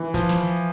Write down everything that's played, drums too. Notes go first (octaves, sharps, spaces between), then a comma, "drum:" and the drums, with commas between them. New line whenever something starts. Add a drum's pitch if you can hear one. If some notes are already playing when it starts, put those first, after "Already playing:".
Already playing: E3
F3, drum: kick, hi-hat
drum: snare